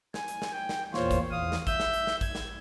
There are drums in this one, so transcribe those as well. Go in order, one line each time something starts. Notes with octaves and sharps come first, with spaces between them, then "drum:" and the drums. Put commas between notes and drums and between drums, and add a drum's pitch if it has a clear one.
G#5, drum: snare
drum: hi-hat
drum: snare
G5
drum: snare
E2 A#2 F4 C5 C#5, drum: snare
drum: kick A1, hi-hat
E2 F5 D#6
drum: snare
E5 E6 G6, drum: kick A1, hi-hat
drum: snare
drum: hi-hat
drum: snare
G#6, drum: kick A1, hi-hat
drum: snare